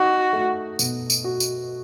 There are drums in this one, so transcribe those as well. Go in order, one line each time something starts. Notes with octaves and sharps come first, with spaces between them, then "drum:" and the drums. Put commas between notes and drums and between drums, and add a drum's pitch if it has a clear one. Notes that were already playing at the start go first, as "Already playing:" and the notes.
Already playing: D#4 F#4
A3
B2, drum: tambourine
drum: tambourine
F#4
drum: tambourine